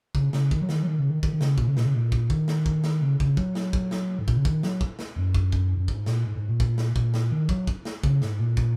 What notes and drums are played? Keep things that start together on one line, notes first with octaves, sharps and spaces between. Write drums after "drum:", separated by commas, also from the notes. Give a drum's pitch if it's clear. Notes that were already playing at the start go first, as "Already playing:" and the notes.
C#3, drum: kick
C#3, drum: snare
D#3, drum: kick
F#3
D#3, drum: snare
F#3
D#3
C#3
D#3
D#3, drum: kick
D#3
C#3, drum: snare
A#2, drum: kick
C#3
A#2, drum: snare
C#3
A#2
drum: kick
D#3, drum: kick
drum: snare
drum: kick
drum: snare
C#3
C#3, drum: kick
F#3, drum: kick
drum: snare
drum: kick
drum: snare
G#2
A#2, drum: kick
C#3
D#3, drum: kick
F#3, drum: snare
drum: kick
drum: snare
F#2
drum: kick
drum: kick
F#2
G#2, drum: kick
A#2, drum: snare
G#2
G#2
A#2
drum: kick
drum: snare
A#2, drum: kick
drum: snare
D#3
F#3, drum: kick
drum: kick
drum: snare
C#3, drum: kick
G#2, drum: snare
A#2
drum: kick